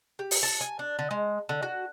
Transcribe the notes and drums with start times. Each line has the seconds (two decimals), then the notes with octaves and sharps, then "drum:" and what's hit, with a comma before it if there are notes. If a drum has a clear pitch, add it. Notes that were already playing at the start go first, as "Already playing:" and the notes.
0.19 G4
0.31 drum: open hi-hat
0.43 A5
0.61 G#5
0.79 D4
0.99 D3
1.11 G#3
1.49 D3
1.63 F#4